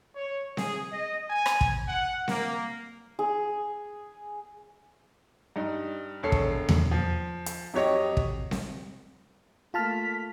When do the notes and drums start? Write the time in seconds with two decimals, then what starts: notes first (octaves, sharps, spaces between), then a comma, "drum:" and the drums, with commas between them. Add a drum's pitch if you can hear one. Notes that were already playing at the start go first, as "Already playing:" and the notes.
0.16 C#5
0.57 G#4, drum: snare C4
0.91 D#5
1.28 G#5
1.46 drum: rim click
1.61 drum: kick
1.87 F#5
2.28 A#3, drum: snare C4
3.19 G#4
5.56 G2 D#4
6.23 E1 A4 C#5 C7
6.32 drum: kick
6.69 drum: tom E2
6.91 F3
7.46 drum: hi-hat
7.74 F2 F#3 G4 C#5 D#5
8.17 drum: kick
8.51 drum: snare C4
9.74 A3 A#3 F4 A5 F6 B6